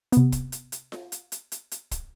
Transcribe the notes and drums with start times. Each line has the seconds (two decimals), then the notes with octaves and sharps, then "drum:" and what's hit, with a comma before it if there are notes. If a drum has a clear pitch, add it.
0.12 C3 B3, drum: hi-hat
0.32 drum: kick, hi-hat
0.52 drum: hi-hat
0.72 drum: hi-hat
0.92 drum: snare F4
1.12 drum: hi-hat
1.32 drum: hi-hat
1.52 drum: hi-hat
1.72 drum: hi-hat
1.91 drum: kick, hi-hat